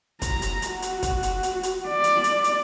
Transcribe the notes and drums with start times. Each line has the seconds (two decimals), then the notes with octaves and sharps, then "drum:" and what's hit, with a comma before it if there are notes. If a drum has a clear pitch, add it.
0.22 A#5, drum: kick, hi-hat
0.42 drum: hi-hat
0.62 drum: hi-hat
0.71 F#4
0.82 drum: hi-hat
1.03 drum: kick, hi-hat
1.23 drum: hi-hat
1.43 drum: hi-hat
1.63 drum: hi-hat
1.88 D5
2.04 drum: hi-hat
2.24 drum: hi-hat
2.44 drum: hi-hat